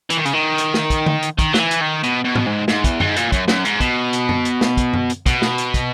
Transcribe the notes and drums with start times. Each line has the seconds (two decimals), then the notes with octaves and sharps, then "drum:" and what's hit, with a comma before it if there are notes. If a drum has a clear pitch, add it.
0.10 E3, drum: hi-hat
0.17 D#3
0.25 C#3, drum: hi-hat
0.33 D#3
0.58 drum: hi-hat
0.74 drum: snare
0.90 drum: kick, hi-hat
1.06 drum: tom
1.23 drum: hi-hat
1.39 D#3, drum: kick, hi-hat
1.54 F#3, drum: snare
1.60 E3
1.71 drum: hi-hat
1.82 D#3
2.03 B2, drum: hi-hat
2.24 B2
2.35 drum: tom G#2
2.46 G#2
2.68 G#2, drum: snare
2.84 E2, drum: kick, hi-hat
3.00 G#2, drum: tom F#2
3.16 A#2, drum: hi-hat
3.32 F#2, drum: kick, hi-hat
3.48 F#2, drum: snare
3.65 G#2, drum: hi-hat
3.80 B2, drum: kick, hi-hat
4.13 drum: hi-hat
4.29 drum: tom F#2
4.45 drum: hi-hat
4.61 drum: snare
4.77 drum: kick, hi-hat
4.94 drum: tom F#2
5.10 drum: hi-hat
5.26 B2, drum: kick, hi-hat
5.42 drum: snare
5.58 drum: hi-hat
5.74 drum: kick, hi-hat